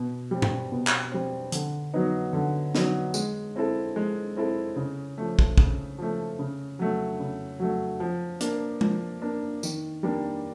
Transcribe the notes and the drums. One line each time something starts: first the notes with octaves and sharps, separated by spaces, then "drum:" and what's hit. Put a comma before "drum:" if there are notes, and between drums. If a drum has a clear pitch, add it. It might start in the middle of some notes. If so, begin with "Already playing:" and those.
Already playing: B2
G3 C4
drum: tom G2
B2
drum: clap
G3 C4
D3, drum: hi-hat
F#3 B3 D#4
D3
F#3 B3 D#4, drum: snare
G#3, drum: tambourine
C4 E4 A4
G#3
C4 E4 A4
C#3
F3 A3
drum: kick
C#3, drum: kick
F3 A3
C#3
F#3 A3
C#3
F#3 A3
F3
A#3 D4, drum: hi-hat
F3, drum: tom
A#3 D4
D#3, drum: tambourine
G3 A#3 D4